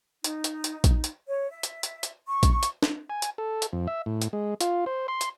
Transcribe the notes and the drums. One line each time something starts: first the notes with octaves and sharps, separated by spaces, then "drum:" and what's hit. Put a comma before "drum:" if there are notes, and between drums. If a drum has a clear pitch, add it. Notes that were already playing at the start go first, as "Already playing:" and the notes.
D#4, drum: hi-hat
drum: hi-hat
drum: hi-hat
drum: kick A#1, hi-hat
drum: hi-hat
C#5
E5
drum: hi-hat
drum: hi-hat
drum: hi-hat
C#6
drum: kick A#1, hi-hat
drum: hi-hat
drum: snare
G#5
drum: hi-hat
A4
drum: hi-hat
F2
E5
A2
drum: hi-hat
G#3
F4, drum: hi-hat
C5
C6
drum: hi-hat